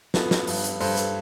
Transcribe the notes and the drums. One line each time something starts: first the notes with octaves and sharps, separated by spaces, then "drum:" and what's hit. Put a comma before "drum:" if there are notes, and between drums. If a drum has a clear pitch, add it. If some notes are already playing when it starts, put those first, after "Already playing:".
B3 F4 A4, drum: snare
drum: snare
G2, drum: open hi-hat
drum: hi-hat
G2 A4 C5, drum: open hi-hat
B4
A4 C5, drum: hi-hat